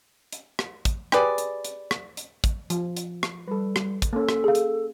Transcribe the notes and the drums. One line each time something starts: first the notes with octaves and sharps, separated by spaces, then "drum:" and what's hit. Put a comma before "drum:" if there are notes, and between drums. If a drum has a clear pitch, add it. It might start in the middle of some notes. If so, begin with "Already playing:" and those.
drum: hi-hat
drum: rim click
drum: kick, hi-hat
G4 G#4 B4 D5, drum: rim click
drum: hi-hat
drum: hi-hat
drum: rim click
drum: hi-hat
drum: kick, hi-hat
F3, drum: hi-hat
drum: hi-hat
drum: rim click
G3 A4 B4
drum: rim click
drum: kick, hi-hat
A#3 C#4 A4
drum: rim click
G#4 F5
drum: hi-hat